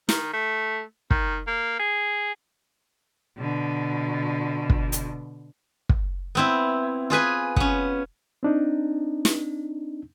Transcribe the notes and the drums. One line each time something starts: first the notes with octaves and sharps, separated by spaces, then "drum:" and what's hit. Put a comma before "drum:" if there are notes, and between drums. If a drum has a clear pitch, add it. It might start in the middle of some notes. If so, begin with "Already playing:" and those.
D#3, drum: snare
A3
D#3, drum: kick
A#3
G#4
B2 D3
drum: kick
drum: hi-hat
drum: kick
B3 C4 E4
F4 G#4 B4 G#5
B3 C#4, drum: kick
C4 D4 D#4
drum: snare